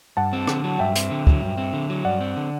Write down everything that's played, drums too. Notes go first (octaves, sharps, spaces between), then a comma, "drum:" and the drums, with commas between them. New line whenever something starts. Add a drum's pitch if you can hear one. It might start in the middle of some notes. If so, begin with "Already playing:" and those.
G2 F#5 A5
C4
D3, drum: rim click
F#3
G2 E5 G5
C4, drum: hi-hat
D3
F#3, drum: kick
G2
C4
D3
F#3
G2 D5 F#5
C4
D3